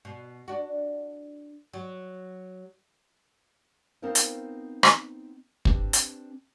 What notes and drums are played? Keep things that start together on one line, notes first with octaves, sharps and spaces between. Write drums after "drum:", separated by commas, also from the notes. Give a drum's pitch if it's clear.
B2
D4 F#4
F#3
B3 C4 D#4 F4 A#4 C5
drum: hi-hat
drum: rim click
C4 D4 G4 B4, drum: kick
drum: hi-hat